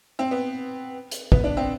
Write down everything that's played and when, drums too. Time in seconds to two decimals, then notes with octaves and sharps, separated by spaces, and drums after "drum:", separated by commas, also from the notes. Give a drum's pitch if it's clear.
0.19 C4
0.31 B3
1.11 drum: hi-hat
1.32 B3, drum: kick
1.44 D4
1.57 C4